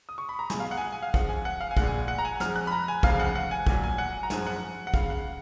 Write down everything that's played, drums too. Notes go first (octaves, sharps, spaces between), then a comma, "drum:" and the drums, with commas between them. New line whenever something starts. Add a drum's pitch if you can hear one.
D#6
C#6
B5
A#5
B1 B2 G#3 G#5, drum: snare
F5
F#5
G#5
F#5
G#5
F5
F2 F3 G#3 F#5, drum: kick
G#5
F#5
F5
G#5
A#1 A#2 G#3 F#5, drum: kick
G#5
F#5
A#5
G#5
F2 F3 G#3 F6, drum: snare
F#6
B5
A#5
G#5
F1 D#2 C#3 F3 G#3 F5, drum: kick
F#5
F#5
G#5
A#1 A#2 F#3 G#5, drum: kick
G#5
F#5
A#5
G#1 F#2 F3 G#3 G#5, drum: snare
F#5
F#5
C#2 C#3 G#3 F5, drum: kick
F#5